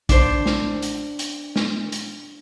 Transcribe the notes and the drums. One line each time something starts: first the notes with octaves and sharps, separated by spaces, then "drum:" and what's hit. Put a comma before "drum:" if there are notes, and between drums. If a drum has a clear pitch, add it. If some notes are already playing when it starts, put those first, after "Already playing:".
D4 C5, drum: kick A#1, hi-hat
drum: snare
drum: hi-hat
drum: hi-hat
drum: snare
drum: hi-hat